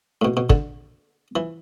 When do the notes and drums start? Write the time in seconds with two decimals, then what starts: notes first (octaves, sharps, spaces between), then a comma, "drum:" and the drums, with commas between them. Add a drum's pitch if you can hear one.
0.22 A2
0.25 B2
0.37 B2
0.50 D3, drum: kick
1.36 E3